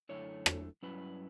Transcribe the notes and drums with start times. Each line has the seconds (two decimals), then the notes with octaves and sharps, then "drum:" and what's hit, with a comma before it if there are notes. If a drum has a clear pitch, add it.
0.09 F#2 D3 A3 E4 C#5
0.46 drum: rim click
0.83 G2 F#3 C#4 E4 B4